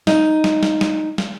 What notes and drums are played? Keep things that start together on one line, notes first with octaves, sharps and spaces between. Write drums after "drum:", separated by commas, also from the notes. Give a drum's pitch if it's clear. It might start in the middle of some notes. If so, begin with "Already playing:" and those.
D#4, drum: snare
drum: snare
drum: snare
drum: snare
drum: snare